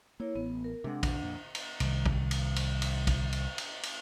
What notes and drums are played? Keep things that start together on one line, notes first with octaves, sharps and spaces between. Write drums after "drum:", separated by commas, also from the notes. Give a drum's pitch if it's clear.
A#3 E4 C#5
A1 B3
A#4
C3 G#3 D4 F#5
B1 E2, drum: kick, cymbal
F2 A#2
drum: cymbal
C2 D#3, drum: cymbal
drum: kick
drum: cymbal
drum: cymbal
drum: cymbal
drum: kick, cymbal
drum: cymbal
drum: cymbal
drum: cymbal